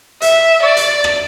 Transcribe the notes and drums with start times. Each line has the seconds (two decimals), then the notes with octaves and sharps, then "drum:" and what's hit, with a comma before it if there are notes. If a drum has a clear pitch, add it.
0.22 E5, drum: hi-hat
0.63 D5
0.77 drum: hi-hat
1.04 drum: rim click